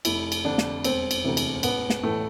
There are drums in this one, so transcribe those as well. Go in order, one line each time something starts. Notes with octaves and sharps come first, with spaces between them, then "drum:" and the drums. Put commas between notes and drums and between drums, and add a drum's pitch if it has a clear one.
F1 E4, drum: cymbal
drum: cymbal
F2 D3 D4
drum: snare
E1 C4, drum: cymbal
drum: cymbal
D2 C3 E3
drum: cymbal
A1 B3, drum: cymbal
drum: snare
A2 E3 A3